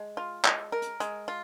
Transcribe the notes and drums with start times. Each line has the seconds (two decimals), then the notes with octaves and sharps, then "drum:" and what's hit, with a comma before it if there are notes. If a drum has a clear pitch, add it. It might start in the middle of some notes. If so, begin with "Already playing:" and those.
Already playing: G#3
0.17 F4
0.45 G#3, drum: clap
0.72 A#4
0.82 drum: hi-hat
1.00 G#3, drum: hi-hat
1.28 F4